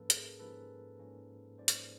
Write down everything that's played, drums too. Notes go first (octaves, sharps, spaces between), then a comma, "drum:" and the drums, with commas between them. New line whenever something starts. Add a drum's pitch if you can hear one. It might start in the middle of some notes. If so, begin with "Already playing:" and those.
Already playing: G#2 F3 A#3 C#4 A4 B4
G#4 A#4, drum: hi-hat
G#2 F3 A#3 C#4 A4 B4
G#2 F3 A#3 C#4
G#2 F3 A#3 C#4 C5 D5
drum: hi-hat